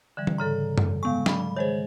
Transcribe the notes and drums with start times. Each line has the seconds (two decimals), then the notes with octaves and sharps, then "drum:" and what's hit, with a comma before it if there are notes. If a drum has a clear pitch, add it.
0.17 D3 E3 G3
0.27 drum: tom E3
0.38 G#2 C#3 A4 A#5
0.78 drum: tom F#2
1.03 G#3 B3 F5 C#6
1.26 F#3 B5, drum: snare
1.56 D#3 G#3 G#4 C5 C#5